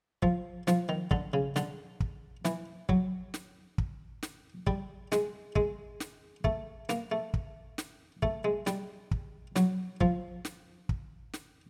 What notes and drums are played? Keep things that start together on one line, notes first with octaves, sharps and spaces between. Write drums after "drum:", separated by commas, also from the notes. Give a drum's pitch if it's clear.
F3, drum: kick
F3, drum: snare
D#3
D3, drum: kick
C#3
D3, drum: snare
drum: kick
E3, drum: snare
F#3, drum: kick
drum: snare
drum: kick
drum: snare
G3, drum: kick
G#3, drum: snare
G#3, drum: kick
drum: snare
A3, drum: kick
A#3, drum: snare
A3
drum: kick
drum: snare
A3, drum: kick
G#3
G3, drum: snare
drum: kick
F#3, drum: snare
F3, drum: kick
drum: snare
drum: kick
drum: snare